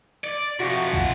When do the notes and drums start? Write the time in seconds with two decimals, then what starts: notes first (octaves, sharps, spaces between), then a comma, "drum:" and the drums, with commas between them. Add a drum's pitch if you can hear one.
0.24 D5
0.60 C3 F3 F#4
0.93 drum: kick